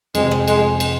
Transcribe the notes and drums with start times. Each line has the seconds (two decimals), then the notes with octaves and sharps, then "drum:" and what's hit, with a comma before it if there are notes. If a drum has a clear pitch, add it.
0.15 F2 C3 F3 G#3 C4, drum: cymbal
0.31 drum: rim click
0.48 G#3, drum: cymbal
0.80 drum: cymbal